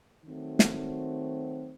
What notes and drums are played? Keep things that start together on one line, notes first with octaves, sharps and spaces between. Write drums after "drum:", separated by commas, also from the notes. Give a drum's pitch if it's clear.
D#3 F#3 A3 C4 F#4
drum: snare